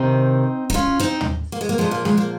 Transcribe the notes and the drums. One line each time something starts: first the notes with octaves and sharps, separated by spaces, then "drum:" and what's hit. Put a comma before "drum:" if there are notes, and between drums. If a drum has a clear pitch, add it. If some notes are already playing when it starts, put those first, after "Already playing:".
Already playing: C3 D#3 C4 D#4
D#4, drum: kick
C#4 F4
C4 D#4
drum: tom
A#3
G#3
A#3
A#2 F3 G#3
A#3
G#3, drum: snare
A#3